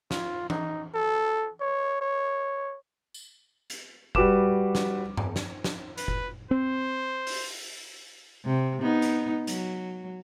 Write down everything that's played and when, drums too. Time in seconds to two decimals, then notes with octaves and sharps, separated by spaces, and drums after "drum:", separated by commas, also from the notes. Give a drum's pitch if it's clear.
0.11 F4, drum: snare
0.50 D#4, drum: tom E3
0.94 A4
1.60 C#5
2.01 C#5
3.14 drum: tambourine
3.70 drum: hi-hat
4.15 G3 F#4 B4 D6 E7, drum: kick F#1
4.75 drum: snare
5.17 drum: tom G2
5.36 drum: snare
5.64 drum: snare
5.98 B4, drum: hi-hat
6.08 drum: kick F#1
6.51 C4 C5
7.27 drum: open hi-hat
8.45 C3
8.82 B3 D#4
9.02 drum: hi-hat
9.47 F#3, drum: hi-hat